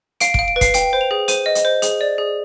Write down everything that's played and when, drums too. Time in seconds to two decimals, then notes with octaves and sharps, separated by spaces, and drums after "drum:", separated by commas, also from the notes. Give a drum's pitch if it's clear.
0.20 F5 D7, drum: hi-hat
0.34 F5 D7, drum: kick
0.48 D7
0.56 B4
0.61 C7, drum: kick, hi-hat
0.74 G5 D7, drum: hi-hat
0.93 C5
1.01 F7
1.11 G#4
1.28 C5 D#7, drum: hi-hat
1.46 D#5
1.55 drum: hi-hat
1.65 C5
1.82 G#4, drum: hi-hat
2.01 D5
2.18 G#4